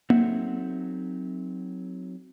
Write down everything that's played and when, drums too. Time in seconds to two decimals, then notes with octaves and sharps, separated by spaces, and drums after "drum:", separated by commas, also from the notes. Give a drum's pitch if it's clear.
0.10 F#3 C4 D#4 A4 E5 F#5, drum: tom A#3